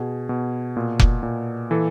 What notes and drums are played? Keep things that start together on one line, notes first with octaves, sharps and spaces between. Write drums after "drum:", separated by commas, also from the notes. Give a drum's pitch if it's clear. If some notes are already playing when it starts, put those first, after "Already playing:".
Already playing: B2 G#4
B2
A#2
drum: kick F1
A#2
E3 A4